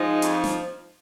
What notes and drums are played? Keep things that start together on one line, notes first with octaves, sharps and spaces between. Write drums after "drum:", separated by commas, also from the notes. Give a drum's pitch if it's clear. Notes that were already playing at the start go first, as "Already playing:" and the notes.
Already playing: F3 G#3 D#4
F2, drum: hi-hat
drum: snare